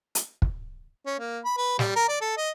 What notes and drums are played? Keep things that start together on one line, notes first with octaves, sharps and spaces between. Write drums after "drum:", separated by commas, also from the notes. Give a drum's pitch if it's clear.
drum: hi-hat
drum: kick
C#4
A#3
B5
B4
G3, drum: snare
A#4
D5
A4
D#5